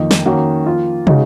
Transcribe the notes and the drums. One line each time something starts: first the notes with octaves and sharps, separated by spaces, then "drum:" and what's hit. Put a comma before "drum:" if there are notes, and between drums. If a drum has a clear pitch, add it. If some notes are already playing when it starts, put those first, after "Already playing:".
Already playing: F2 D#3 A#3 D#4
drum: snare
D#3 A#3 C#4 F#4
F3 A#3 F4
C#3 G#3 D#4 F#4, drum: tom